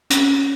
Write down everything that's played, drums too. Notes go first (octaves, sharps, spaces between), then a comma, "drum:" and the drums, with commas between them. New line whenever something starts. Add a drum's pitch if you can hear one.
C#4, drum: hi-hat